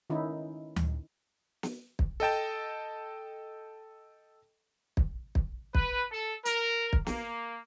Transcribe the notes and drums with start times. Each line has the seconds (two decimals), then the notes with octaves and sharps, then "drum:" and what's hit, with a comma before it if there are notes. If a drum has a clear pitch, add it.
0.10 D#3 C#4 D#4 E4
0.76 drum: tom D2
1.63 drum: snare
1.99 drum: kick
2.20 A4 D#5 G5 A5
4.97 drum: kick
5.35 drum: kick
5.75 B4, drum: kick
6.11 A4
6.45 A#4, drum: hi-hat
6.93 drum: kick
7.06 A#3, drum: snare